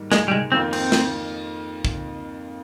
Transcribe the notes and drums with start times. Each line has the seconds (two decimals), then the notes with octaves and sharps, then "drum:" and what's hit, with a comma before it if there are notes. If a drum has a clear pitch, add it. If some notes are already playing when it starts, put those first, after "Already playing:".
Already playing: G#2 D#3 G3 A#3
0.12 G#3, drum: snare
0.28 G3
0.31 G#3, drum: tom C3
0.52 F2 D#3 A#3 C4 F4
0.73 C4, drum: cymbal
0.92 drum: snare
1.85 drum: kick